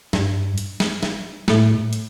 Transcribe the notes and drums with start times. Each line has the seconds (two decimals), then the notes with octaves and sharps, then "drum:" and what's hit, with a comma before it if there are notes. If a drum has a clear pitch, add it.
0.13 G2, drum: snare
0.58 drum: hi-hat
0.80 drum: snare
1.03 drum: snare
1.48 A2, drum: snare
1.93 drum: hi-hat